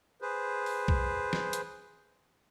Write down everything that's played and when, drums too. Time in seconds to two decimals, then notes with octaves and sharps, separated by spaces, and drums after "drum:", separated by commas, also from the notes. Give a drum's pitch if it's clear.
0.21 G#4 B4 C5
0.66 drum: open hi-hat
0.88 drum: kick B1
1.33 drum: snare
1.53 drum: hi-hat